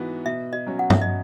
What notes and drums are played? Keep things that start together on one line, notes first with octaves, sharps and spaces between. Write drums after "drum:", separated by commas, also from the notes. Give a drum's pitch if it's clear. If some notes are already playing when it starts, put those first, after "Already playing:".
Already playing: G#2 E3 B3 F#4
B2 E5
D#5
F#3 C#4 F#4
F#5
E5, drum: tom G2
D#5